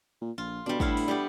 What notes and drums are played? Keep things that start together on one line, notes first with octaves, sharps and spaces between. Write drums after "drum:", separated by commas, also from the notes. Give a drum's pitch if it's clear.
A#2
A#1 F4
B2 G3 D4
A2 B3 E4 F5, drum: kick
drum: open hi-hat
G3 B3 G4